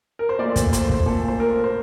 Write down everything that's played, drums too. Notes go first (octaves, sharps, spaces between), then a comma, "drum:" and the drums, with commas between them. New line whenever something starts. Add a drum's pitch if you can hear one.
A#4
C5
A#2 A3 D5
drum: kick, hi-hat
C5, drum: hi-hat
drum: kick
A#2 A3 A4
C5
A#4
C5